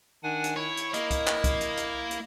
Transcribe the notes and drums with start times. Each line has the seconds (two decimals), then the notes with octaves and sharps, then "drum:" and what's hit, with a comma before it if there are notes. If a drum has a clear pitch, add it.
0.23 D#3 D4 F#5 G#5
0.44 drum: hi-hat
0.57 E4 C#5
0.77 drum: hi-hat
0.94 A#3 D#5, drum: hi-hat
1.11 drum: kick, hi-hat
1.27 drum: clap
1.44 drum: kick, hi-hat
1.61 drum: hi-hat
1.77 drum: hi-hat
2.11 drum: hi-hat